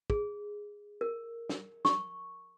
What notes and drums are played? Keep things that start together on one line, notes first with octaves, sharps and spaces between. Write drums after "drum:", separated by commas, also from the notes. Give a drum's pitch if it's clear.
G#4, drum: kick
A#4
drum: snare
C#6, drum: snare